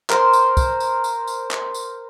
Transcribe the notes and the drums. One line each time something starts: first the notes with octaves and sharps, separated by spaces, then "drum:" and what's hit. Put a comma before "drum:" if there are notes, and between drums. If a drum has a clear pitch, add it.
A#4 C5 C6, drum: clap
drum: tambourine
drum: kick, tambourine
drum: tambourine
drum: tambourine
drum: tambourine
drum: clap
drum: tambourine